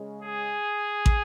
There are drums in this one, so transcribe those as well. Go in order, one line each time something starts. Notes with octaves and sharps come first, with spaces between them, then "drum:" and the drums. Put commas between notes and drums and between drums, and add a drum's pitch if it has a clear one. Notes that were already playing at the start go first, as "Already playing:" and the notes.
Already playing: C#3 G#3
G#4
drum: kick